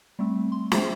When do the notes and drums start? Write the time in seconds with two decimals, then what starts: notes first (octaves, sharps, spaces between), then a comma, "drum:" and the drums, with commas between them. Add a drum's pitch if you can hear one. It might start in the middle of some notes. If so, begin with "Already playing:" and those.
0.19 G3 A3 C4
0.52 C6
0.72 F4 G#4 C5 E5 G5, drum: snare